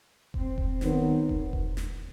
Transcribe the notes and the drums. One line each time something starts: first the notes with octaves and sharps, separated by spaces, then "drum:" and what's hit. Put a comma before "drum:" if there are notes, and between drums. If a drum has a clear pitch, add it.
C4, drum: kick E1
drum: kick E1
D#3 F#3 B3 C4, drum: snare
drum: kick E1
drum: kick E1
drum: snare